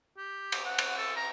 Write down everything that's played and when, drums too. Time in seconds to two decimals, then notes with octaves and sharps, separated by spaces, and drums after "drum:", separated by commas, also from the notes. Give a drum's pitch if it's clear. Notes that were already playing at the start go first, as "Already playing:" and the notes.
0.17 G4
0.52 drum: cymbal
0.65 F#5
0.78 drum: cymbal
0.97 A4
1.16 A#5